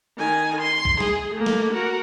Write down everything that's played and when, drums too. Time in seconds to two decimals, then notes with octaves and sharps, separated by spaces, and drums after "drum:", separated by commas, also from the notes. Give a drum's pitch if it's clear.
0.17 D#3 G#5
0.61 C6
0.85 drum: kick
1.00 G#4, drum: snare
1.34 A3 A#3
1.46 drum: snare
1.73 F#4 A#4